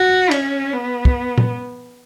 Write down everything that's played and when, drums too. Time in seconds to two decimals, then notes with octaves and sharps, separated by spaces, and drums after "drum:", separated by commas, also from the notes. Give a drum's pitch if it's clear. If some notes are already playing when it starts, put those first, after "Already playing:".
Already playing: F#4
0.31 C#4, drum: cymbal
0.73 B3
1.05 drum: kick
1.38 drum: tom A#2